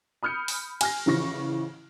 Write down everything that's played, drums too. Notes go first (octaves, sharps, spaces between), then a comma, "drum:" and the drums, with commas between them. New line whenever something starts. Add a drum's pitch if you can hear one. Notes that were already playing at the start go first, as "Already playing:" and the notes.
B5 D#6 F6 G6 C#7
drum: open hi-hat
G#5 F6 A#6, drum: cymbal
A1 C#3 E3 F3 C#6 A#6